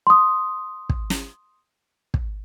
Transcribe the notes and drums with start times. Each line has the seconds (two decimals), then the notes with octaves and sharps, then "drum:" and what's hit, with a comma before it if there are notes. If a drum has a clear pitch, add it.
0.07 C6 D#6
0.89 drum: kick
1.10 drum: snare
2.14 drum: kick